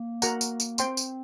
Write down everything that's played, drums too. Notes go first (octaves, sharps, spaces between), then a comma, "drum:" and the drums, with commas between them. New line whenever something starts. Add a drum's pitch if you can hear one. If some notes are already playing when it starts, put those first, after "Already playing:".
Already playing: A#3
F#4 A#4 F#5 A#5, drum: tambourine
drum: tambourine
drum: tambourine
C4 C5 G5 C6, drum: tambourine
drum: tambourine